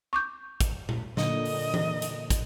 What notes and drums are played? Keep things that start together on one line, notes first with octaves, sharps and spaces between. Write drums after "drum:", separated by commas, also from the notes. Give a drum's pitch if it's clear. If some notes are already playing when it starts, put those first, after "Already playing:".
C#6 D6 G6
drum: kick, hi-hat
drum: tom A#2
A#2 D3 D#5, drum: snare
drum: open hi-hat
drum: tom E3
drum: hi-hat
drum: kick, hi-hat